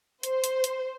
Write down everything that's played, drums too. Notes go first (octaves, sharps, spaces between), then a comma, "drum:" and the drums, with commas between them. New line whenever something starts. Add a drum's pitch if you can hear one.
C5, drum: hi-hat
drum: hi-hat
drum: hi-hat